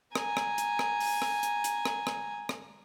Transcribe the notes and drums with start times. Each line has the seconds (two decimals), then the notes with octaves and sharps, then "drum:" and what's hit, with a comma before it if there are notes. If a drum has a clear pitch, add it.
0.15 G#5 A#5, drum: rim click
0.37 drum: rim click
0.58 drum: hi-hat
0.79 drum: rim click
1.00 drum: open hi-hat
1.22 drum: rim click
1.43 drum: hi-hat
1.64 drum: hi-hat
1.85 drum: rim click
2.07 drum: rim click
2.49 drum: rim click